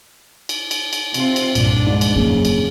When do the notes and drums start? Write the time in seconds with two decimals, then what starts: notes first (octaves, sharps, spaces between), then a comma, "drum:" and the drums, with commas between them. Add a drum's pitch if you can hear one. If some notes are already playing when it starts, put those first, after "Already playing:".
0.49 drum: cymbal
0.71 drum: cymbal
0.93 drum: cymbal
1.14 C3 C4 F4, drum: cymbal
1.36 drum: cymbal
1.55 C2 G2 A#2 F3 D4, drum: cymbal
1.86 G#2
2.01 drum: cymbal
2.16 F2 C#3 F#3 A#3
2.45 drum: cymbal